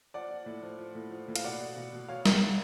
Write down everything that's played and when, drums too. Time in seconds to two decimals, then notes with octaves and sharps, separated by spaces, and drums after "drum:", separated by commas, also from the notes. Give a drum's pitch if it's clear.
0.14 F3 D5 F#5
0.31 F3
0.46 A2
0.63 F3
0.79 F3
0.95 A2
1.11 F3
1.28 A2
1.36 F5, drum: hi-hat
1.44 B2 D5 F#5
1.60 B2
1.77 B2
1.93 B2
2.08 B2 C#5 F5
2.25 B2, drum: snare
2.42 B2